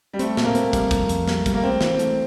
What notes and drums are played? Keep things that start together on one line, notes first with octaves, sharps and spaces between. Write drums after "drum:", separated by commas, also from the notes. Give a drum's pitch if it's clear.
G3
A3 C4, drum: hi-hat
A#2, drum: snare
A#3
C4, drum: hi-hat
G3, drum: kick, hi-hat
F2, drum: kick, hi-hat
F2, drum: hi-hat
G3, drum: snare
G3, drum: kick, hi-hat
A#3
A3 C4
E3, drum: snare
A3, drum: hi-hat